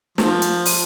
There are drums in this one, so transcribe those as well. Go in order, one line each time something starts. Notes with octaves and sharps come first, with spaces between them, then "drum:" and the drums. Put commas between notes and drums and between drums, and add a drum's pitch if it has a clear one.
F3, drum: snare
drum: hi-hat
drum: open hi-hat